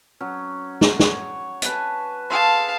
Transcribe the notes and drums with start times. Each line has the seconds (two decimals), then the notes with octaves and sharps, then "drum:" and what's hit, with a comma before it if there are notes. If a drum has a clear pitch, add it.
0.21 F#3 C#4
0.81 drum: snare
1.00 C#5 D6, drum: snare
1.62 B4 G#5 A5, drum: hi-hat
2.30 G#4 A4 F5 A5 C6